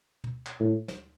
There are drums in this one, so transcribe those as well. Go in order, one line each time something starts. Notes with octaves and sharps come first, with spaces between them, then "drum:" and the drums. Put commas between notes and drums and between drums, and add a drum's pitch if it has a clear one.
drum: tom
drum: clap
A2
drum: snare